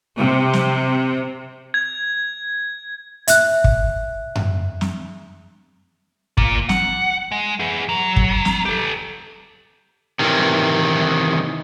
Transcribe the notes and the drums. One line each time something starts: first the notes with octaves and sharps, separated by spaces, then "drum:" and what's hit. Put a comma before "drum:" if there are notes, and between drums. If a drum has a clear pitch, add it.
C3
drum: snare
G#6
E5 F#6, drum: hi-hat
drum: kick
drum: tom F#2
drum: snare
A#3 F4, drum: kick
F#5, drum: snare
G#3
B3 G#4
F#3
drum: kick
drum: snare
G4 A4
C3 D#3 E3